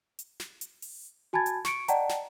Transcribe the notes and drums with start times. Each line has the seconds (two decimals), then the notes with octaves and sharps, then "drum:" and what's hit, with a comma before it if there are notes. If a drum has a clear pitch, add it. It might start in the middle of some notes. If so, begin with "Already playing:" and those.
0.19 drum: hi-hat
0.40 drum: snare
0.61 drum: hi-hat
0.82 drum: open hi-hat
1.33 F#4 G#5 A5 B5 G#6 A6
1.46 drum: hi-hat
1.65 C#6 C#7 D7, drum: snare
1.88 D5 D#5 F#5 G5 A5 A#5, drum: hi-hat
2.10 drum: snare